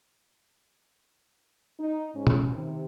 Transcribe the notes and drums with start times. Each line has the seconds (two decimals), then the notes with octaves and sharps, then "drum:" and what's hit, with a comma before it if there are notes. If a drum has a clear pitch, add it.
1.80 D#4
2.15 G#2 C#4
2.27 drum: tom B2
2.52 C3 D#3